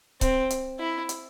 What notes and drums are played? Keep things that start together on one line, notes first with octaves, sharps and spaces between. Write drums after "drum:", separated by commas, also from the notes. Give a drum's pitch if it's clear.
C4, drum: kick C#1, hi-hat
drum: hi-hat
E4
drum: hi-hat